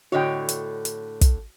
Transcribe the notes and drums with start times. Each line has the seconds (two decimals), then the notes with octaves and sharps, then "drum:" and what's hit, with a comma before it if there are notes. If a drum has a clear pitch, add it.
0.12 A2 D3 F#4 C#5 D#5 G5
0.49 drum: hi-hat
0.85 drum: hi-hat
1.21 drum: kick, hi-hat